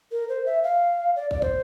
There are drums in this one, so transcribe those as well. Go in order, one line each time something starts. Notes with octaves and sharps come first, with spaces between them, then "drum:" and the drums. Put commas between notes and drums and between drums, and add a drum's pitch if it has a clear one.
A#4
C5
E5
F5
D5
D5, drum: kick
C5, drum: kick